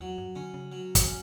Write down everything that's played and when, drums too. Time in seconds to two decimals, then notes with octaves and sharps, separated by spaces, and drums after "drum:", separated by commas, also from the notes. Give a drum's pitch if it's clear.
0.01 E2 F#3
0.18 F#2
0.36 D3 C#4
0.54 C#3
0.72 F#3
0.95 drum: kick, hi-hat
1.07 C#4